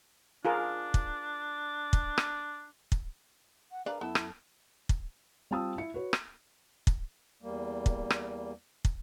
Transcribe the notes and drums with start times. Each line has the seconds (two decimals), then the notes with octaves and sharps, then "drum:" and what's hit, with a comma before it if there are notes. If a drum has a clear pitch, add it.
0.45 D4 F4 G#4 A#4
0.94 drum: kick
1.93 drum: kick
2.18 drum: rim click
2.92 drum: kick
3.71 F#5
3.86 D4 G#4 A#4 B4 D5 F5
4.01 F#2 B3 E4 A4 A5
4.15 drum: rim click
4.89 drum: kick
5.51 G3 C4 F4 A5 D#6 E6
5.78 E4 C#7
5.94 F#4 B4 C#5
6.13 drum: rim click
6.87 drum: kick
7.42 E2 G3 A#3
7.86 drum: kick
8.10 drum: rim click
8.85 drum: kick